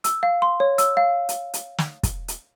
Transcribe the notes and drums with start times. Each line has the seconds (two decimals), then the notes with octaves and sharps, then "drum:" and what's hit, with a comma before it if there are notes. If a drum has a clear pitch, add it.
0.04 E6, drum: hi-hat
0.23 F5
0.42 C6
0.60 C#5
0.78 E6, drum: hi-hat
0.97 F5
1.29 drum: hi-hat
1.54 drum: hi-hat
1.78 drum: snare
2.03 drum: kick, hi-hat
2.28 drum: hi-hat